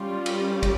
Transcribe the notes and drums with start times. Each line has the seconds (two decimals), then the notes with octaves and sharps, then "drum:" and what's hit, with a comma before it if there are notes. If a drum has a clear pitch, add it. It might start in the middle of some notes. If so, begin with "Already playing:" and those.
Already playing: G3 C#4 F4
0.26 drum: cymbal
0.63 drum: kick, cymbal